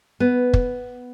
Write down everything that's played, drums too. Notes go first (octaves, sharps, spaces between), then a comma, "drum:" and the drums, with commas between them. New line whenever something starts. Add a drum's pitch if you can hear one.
B3
drum: kick